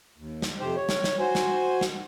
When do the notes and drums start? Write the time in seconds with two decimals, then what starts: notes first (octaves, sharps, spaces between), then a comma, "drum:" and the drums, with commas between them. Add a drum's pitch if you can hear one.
0.17 D#2
0.42 drum: snare
0.60 F2 C3 G4 C5
0.76 C#5
0.89 drum: snare
1.04 drum: snare
1.20 F#4 C5 G#5
1.35 drum: snare
1.81 drum: snare